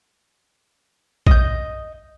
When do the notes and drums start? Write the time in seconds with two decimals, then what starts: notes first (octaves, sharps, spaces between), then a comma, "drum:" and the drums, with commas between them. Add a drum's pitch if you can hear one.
1.27 D#5 G6, drum: kick A#1